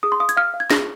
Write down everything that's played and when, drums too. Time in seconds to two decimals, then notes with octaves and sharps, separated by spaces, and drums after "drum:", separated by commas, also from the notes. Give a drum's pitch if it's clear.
0.03 G#4 D#6
0.12 C6
0.20 F5 D#6
0.29 G#6, drum: hi-hat
0.37 F5 F6
0.54 F5
0.60 G#6
0.70 G#4 A#6, drum: snare